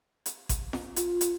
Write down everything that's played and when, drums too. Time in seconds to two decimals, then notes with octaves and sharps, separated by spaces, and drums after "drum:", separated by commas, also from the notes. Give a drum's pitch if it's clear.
0.26 drum: hi-hat
0.49 drum: kick G#1, hi-hat
0.73 drum: snare
0.96 F4, drum: hi-hat
1.21 drum: hi-hat